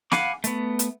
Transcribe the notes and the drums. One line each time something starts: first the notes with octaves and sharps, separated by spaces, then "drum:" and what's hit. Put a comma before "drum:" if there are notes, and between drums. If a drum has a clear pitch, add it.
F5 F#5 G#5 B5 D6, drum: snare
A3 B3, drum: hi-hat
drum: hi-hat